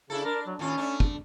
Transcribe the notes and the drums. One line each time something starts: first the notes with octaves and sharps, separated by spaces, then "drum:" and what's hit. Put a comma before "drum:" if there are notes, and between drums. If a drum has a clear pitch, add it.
C#3 D4 E4 A4
D4 A#4
F#3
D#2 A2 C#4 F4
A3 D4
drum: kick